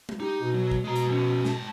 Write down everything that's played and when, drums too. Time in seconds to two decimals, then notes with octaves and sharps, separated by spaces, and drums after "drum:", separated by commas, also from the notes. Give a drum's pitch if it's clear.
0.09 drum: tom G#3
0.20 D#4 G4
0.41 B2
0.54 F#3
0.71 drum: kick
0.84 B2 G#3 A#5
0.96 drum: hi-hat
1.09 F3 C#4
1.45 G#2 A5, drum: snare